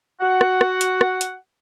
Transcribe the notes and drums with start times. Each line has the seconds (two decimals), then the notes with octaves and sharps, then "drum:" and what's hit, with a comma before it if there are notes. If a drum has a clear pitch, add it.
0.21 F#4 F#5
0.41 drum: rim click
0.61 drum: rim click
0.81 drum: hi-hat
1.01 drum: rim click
1.21 drum: hi-hat